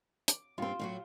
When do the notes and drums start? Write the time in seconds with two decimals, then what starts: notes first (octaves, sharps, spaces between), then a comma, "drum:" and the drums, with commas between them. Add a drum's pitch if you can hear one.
0.28 D6, drum: hi-hat
0.58 G2 C4 F4 C5
0.79 A2 F#3 F#4